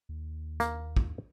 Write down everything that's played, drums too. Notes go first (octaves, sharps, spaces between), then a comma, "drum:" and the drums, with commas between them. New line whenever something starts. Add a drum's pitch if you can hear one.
D#2
A#3, drum: hi-hat
drum: kick